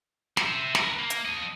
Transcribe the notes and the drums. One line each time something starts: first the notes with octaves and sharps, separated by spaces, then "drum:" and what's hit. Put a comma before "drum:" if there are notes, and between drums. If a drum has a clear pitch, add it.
C5 E5, drum: snare
A#4 B4, drum: snare
A#3
drum: hi-hat
F3 D#5